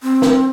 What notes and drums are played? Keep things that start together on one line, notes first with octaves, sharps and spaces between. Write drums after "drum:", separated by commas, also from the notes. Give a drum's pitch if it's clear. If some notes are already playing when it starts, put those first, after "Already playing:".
C4
drum: snare